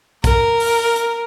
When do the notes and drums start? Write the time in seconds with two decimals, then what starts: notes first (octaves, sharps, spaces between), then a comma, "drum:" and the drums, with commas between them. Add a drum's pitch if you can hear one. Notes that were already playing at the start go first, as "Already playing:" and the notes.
0.24 A#4, drum: kick, hi-hat
0.60 drum: open hi-hat
0.96 drum: hi-hat